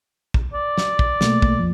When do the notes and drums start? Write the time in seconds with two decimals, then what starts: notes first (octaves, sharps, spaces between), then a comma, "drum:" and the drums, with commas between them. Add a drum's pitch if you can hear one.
0.34 drum: kick
0.53 D5
0.78 drum: snare
0.99 drum: kick
1.21 B2 A3 A#3, drum: snare
1.42 drum: kick
1.59 F2 F3